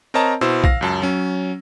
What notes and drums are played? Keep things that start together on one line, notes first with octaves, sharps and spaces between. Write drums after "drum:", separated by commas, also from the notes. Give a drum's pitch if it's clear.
C4 A#4 C#5 D#5 A5 A#5
B2 E4 C5 E6
F5 A#6, drum: kick B1
C#2 F#2 A5
F#3 C#4